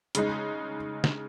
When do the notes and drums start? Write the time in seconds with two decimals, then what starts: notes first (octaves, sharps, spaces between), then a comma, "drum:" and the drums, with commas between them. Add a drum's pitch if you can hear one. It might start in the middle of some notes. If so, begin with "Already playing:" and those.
0.15 C#3 G#3 D#4, drum: hi-hat
1.04 drum: snare